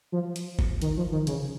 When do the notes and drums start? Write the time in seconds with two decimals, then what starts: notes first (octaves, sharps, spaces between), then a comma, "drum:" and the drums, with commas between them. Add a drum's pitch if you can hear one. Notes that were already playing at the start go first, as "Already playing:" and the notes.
0.12 F3
0.36 drum: hi-hat
0.59 drum: kick G1
0.82 D#3, drum: hi-hat
0.97 F3
1.12 D#3
1.27 C#3, drum: hi-hat